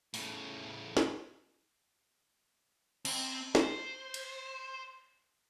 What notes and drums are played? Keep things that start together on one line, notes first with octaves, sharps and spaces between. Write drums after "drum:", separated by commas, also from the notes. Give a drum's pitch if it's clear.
A2 C#3, drum: open hi-hat
drum: snare
C4, drum: cymbal
C5, drum: snare
drum: cymbal